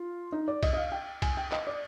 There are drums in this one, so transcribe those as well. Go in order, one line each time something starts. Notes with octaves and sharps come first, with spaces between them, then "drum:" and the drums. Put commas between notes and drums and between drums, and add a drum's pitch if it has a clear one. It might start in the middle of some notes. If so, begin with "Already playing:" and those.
Already playing: F4
D#4
D5
D#5, drum: kick B1, cymbal
D#5
F5
G5
G#5, drum: kick B1, cymbal
G5
D#5, drum: clap
D5